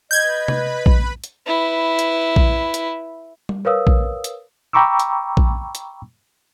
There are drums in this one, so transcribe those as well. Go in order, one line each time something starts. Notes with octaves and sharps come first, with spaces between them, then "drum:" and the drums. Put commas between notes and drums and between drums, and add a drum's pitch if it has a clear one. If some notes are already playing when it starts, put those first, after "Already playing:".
B4 D#5 B5 G6 G#6
drum: tom C3
drum: kick A#1
drum: hi-hat
E4 B4
drum: hi-hat
drum: kick A#1
drum: hi-hat
drum: tom G3
A#4 B4 C#5 F5 D#6 E6
drum: kick A#1
drum: hi-hat
G5 A#5 B5 C#6 D6 E6
drum: hi-hat
drum: kick A#1
drum: hi-hat